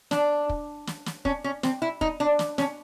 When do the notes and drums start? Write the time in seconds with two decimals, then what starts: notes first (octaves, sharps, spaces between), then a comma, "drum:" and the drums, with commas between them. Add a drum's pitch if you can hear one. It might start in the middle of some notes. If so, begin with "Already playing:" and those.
0.11 D4, drum: snare
0.49 drum: kick
0.87 drum: snare
1.06 drum: snare
1.25 C#4, drum: kick
1.44 C#4
1.63 C4, drum: snare
1.82 E4
2.01 D#4, drum: kick
2.20 D4
2.39 drum: snare
2.58 C#4, drum: snare